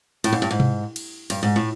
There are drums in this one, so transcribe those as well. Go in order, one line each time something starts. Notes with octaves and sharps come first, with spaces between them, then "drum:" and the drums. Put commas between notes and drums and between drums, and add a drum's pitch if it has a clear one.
A2, drum: cymbal
G#2
G2
G#2
drum: tom B2
drum: cymbal
G2, drum: cymbal
G#2
A2